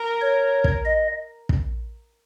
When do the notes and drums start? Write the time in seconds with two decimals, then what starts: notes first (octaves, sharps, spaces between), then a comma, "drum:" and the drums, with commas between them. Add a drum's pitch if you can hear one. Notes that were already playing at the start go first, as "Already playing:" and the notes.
Already playing: A#4
0.21 C#5
0.64 drum: kick
0.85 D#5
1.49 drum: kick